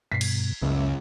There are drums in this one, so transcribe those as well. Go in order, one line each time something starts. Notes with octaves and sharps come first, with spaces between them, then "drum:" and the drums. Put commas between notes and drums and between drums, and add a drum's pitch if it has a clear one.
G2 B2 B6 C7
drum: cymbal
F#1 C#2 G#3 E5